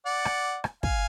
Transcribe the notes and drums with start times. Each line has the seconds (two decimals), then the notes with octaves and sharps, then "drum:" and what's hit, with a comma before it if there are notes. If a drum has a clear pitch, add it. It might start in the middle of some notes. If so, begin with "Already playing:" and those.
0.06 D5 F#5
0.25 drum: rim click
0.64 drum: rim click
0.83 F5 G#5, drum: kick